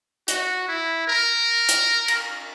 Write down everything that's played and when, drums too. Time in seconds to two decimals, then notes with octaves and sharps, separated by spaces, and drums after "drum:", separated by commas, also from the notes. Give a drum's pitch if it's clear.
0.28 F#4, drum: hi-hat
0.68 E4
1.08 A#4
1.69 drum: hi-hat
2.08 drum: cymbal